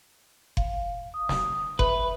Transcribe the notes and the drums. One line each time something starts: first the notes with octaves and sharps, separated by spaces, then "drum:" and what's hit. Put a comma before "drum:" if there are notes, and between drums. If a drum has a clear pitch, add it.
F5, drum: kick F#1
D#6
drum: snare
B4 E5, drum: kick F#1